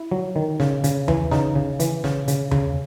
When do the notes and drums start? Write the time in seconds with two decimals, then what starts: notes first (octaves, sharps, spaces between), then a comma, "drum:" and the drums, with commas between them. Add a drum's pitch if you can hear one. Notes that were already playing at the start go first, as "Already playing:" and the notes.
Already playing: E4
0.11 F#3
0.36 D#3
0.60 C#3, drum: snare
0.84 C#3, drum: hi-hat
1.08 E3, drum: tom E2
1.31 C#3 D#4, drum: snare
1.55 C#3, drum: kick
1.80 E3, drum: hi-hat
2.04 C#3, drum: snare
2.28 C#3, drum: hi-hat
2.51 C#3, drum: tom E2